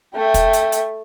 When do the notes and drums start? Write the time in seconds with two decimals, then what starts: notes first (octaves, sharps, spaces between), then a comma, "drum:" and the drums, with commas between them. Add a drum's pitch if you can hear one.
0.15 A3 E5 G5
0.34 drum: kick, hi-hat
0.53 drum: hi-hat
0.72 drum: hi-hat